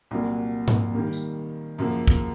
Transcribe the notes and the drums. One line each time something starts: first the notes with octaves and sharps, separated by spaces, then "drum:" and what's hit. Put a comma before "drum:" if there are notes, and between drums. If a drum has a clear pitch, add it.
C2 A#2 F#3 A#3
drum: tom G#2
D#3 G3 A#3
drum: tambourine
F#2 C#3 F3 A#3
drum: kick